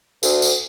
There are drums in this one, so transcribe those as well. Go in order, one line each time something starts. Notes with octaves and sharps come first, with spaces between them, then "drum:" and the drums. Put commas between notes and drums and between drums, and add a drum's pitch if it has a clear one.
D2, drum: tambourine
drum: tambourine